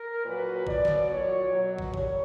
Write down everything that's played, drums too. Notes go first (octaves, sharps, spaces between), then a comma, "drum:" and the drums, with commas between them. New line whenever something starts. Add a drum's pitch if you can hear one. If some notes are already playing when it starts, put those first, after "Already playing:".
Already playing: A#4
A#2 F#3 B4
B2 F#3 D5, drum: kick
drum: snare D#3
A#2 F#3 C#5
B2 F#3
drum: kick
A#2 G3 C#5, drum: kick